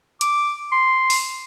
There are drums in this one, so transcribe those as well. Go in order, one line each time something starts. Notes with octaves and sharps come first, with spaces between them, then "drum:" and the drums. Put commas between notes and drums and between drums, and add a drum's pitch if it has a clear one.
D6, drum: hi-hat
C6
drum: open hi-hat